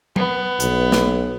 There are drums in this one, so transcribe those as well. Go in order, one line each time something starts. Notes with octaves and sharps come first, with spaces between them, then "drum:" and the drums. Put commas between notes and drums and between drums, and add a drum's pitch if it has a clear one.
B3, drum: tom
B1, drum: hi-hat
drum: snare